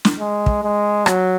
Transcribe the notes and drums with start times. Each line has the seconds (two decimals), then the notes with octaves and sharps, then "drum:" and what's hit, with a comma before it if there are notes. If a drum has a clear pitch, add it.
0.05 drum: snare
0.20 G#3
0.46 drum: kick
0.63 G#3
1.06 F#3, drum: rim click